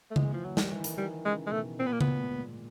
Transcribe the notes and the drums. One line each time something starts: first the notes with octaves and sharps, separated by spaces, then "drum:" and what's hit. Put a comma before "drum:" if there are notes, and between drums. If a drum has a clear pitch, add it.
A3
E3 G#3, drum: tom C#3
F3
F#3
D#3 G3, drum: snare
E3
D#3, drum: hi-hat
D#3 G3
C#3 G#3
G#3
B2 A3
A#2 C4
B3
A#3
B3, drum: tom C#3
G#2